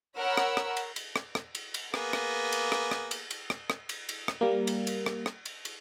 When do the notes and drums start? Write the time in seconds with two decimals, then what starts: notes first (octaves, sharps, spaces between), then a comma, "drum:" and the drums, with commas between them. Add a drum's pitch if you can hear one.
0.18 A#4 C#5 F#5 B5 E6
0.37 drum: rim click
0.57 drum: rim click
0.77 drum: cymbal
0.96 drum: cymbal
1.16 drum: rim click
1.35 drum: rim click
1.55 drum: cymbal
1.74 drum: cymbal
1.94 A#3 B3 G#4, drum: rim click
2.13 drum: rim click
2.52 drum: cymbal
2.72 drum: rim click
2.91 drum: rim click
3.11 drum: cymbal
3.31 drum: cymbal
3.50 drum: rim click
3.70 drum: rim click
3.89 drum: cymbal
4.09 drum: cymbal
4.28 drum: rim click
4.41 G3 A#3
4.67 drum: cymbal
4.87 drum: cymbal
5.06 drum: rim click
5.26 drum: rim click
5.45 drum: cymbal
5.65 drum: cymbal